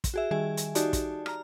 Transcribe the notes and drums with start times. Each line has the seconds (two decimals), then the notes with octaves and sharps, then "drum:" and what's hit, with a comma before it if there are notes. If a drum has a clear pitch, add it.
0.04 drum: kick, hi-hat
0.14 F#4 G#4 E5
0.31 D#3 G3 G#4 E5 G#5
0.57 drum: hi-hat
0.75 D#4 F#4 G4 D5 A5, drum: hi-hat
0.93 drum: kick, hi-hat
1.26 A#5 F6, drum: rim click